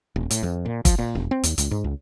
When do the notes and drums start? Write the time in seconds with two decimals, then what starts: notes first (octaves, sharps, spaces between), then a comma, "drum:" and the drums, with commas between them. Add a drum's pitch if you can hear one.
0.16 D#1
0.31 A2, drum: hi-hat
0.43 F2
0.65 A#2
0.85 F3, drum: kick, hi-hat
0.99 A#2
1.15 E1
1.31 C4
1.44 D#2, drum: hi-hat
1.58 C#2, drum: hi-hat
1.71 G#2
1.84 C#2